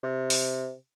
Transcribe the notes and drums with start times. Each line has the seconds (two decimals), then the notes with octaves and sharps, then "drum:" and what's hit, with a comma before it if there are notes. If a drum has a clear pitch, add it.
0.03 C3
0.30 drum: open hi-hat